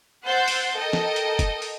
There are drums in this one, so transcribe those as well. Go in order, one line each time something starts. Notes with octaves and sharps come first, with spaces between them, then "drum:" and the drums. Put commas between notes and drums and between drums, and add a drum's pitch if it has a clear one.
C5 F#5 C6 E6 G6 A6
drum: open hi-hat
A4 A#4 D#5 G5
drum: snare
drum: hi-hat
drum: kick F1, hi-hat
drum: open hi-hat